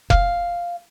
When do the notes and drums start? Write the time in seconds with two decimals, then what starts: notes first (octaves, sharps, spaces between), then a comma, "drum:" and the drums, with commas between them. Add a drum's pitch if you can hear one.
0.10 F5, drum: kick F1